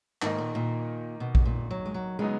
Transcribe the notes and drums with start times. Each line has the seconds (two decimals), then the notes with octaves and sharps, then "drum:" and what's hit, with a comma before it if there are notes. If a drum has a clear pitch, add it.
0.22 G#2 D#3 A#3 D#4, drum: clap
0.38 A#2
0.55 A#2
1.20 B2
1.35 drum: kick A#1
1.45 A#2
1.71 F#3
1.86 G#3
1.94 F#3
2.19 C#3 F#3 G#3 B3 D#4